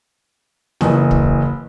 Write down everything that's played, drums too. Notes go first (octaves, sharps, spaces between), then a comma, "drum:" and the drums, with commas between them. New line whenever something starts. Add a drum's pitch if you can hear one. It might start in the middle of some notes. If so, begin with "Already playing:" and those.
F#1 E3 D#6, drum: snare
drum: kick